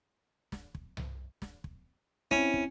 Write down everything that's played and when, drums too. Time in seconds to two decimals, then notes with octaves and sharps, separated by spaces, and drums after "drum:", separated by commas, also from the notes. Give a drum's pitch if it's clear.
0.52 drum: snare
0.75 drum: kick
0.97 drum: tom C2
1.42 drum: snare
1.64 drum: kick
2.31 C4 C#4 E4, drum: snare
2.54 drum: kick